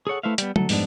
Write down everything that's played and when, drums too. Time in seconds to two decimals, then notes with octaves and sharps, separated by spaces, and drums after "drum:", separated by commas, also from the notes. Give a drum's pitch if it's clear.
0.07 G#4 A4 C#5 F#5
0.23 A3 E4 B4 C5 E5 F5
0.38 G3 B3, drum: hi-hat
0.56 D2 B2 F#3 A4, drum: tom
0.69 F2 G#2 G3 B3 D4, drum: open hi-hat